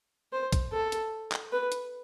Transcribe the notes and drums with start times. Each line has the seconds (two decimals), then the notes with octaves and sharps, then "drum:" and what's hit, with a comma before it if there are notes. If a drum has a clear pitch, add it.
0.33 C5
0.53 drum: kick, hi-hat
0.72 A4
0.92 drum: hi-hat
1.32 drum: clap
1.52 B4
1.72 drum: hi-hat